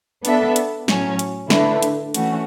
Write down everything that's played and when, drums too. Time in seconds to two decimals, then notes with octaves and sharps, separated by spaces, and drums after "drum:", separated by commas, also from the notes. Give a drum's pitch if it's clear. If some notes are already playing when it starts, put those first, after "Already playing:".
0.25 B3 D4 A4 E5, drum: hi-hat
0.56 drum: hi-hat
0.88 A2 F#3 C#4, drum: snare
1.19 drum: hi-hat
1.50 D3 A3 E4 B4, drum: snare
1.83 drum: hi-hat
2.14 E3 A3 C#4 F#4, drum: hi-hat